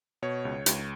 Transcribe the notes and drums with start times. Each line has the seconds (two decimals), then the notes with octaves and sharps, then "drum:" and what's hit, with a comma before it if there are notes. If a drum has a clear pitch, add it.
0.22 B2 C#5
0.45 C#2
0.66 C#2, drum: hi-hat